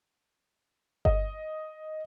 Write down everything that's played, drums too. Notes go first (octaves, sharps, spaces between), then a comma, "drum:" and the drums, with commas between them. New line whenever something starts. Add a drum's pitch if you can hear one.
D#5, drum: kick G1